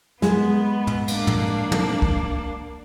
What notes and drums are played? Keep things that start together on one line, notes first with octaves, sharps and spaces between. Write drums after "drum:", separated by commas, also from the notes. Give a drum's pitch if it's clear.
G#3 B3, drum: snare
drum: tom
A#3 D4, drum: cymbal
drum: tom
drum: tom
drum: kick